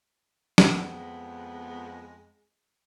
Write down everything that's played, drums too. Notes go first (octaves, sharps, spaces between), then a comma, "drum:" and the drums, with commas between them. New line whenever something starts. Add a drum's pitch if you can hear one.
F2 G#3 B3, drum: snare